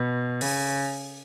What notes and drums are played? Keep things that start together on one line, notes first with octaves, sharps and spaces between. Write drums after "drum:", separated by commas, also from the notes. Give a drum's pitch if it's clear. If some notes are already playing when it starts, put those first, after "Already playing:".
Already playing: B2
C#3, drum: open hi-hat